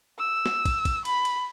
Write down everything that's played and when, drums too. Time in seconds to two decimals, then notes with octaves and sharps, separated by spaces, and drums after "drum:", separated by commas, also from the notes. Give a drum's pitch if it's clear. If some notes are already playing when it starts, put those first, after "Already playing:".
0.19 E6
0.46 drum: snare
0.65 drum: kick, cymbal
0.85 drum: kick, cymbal
1.05 B5, drum: cymbal
1.25 drum: cymbal